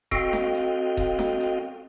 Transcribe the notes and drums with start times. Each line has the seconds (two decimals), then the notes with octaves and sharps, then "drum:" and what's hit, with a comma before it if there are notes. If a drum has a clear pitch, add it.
0.11 C4 F#4 A4 D#5 F5 G5, drum: kick D#1, hi-hat
0.33 drum: snare D4
0.54 drum: hi-hat
0.97 drum: kick D#1, hi-hat
1.19 drum: snare D4
1.40 drum: hi-hat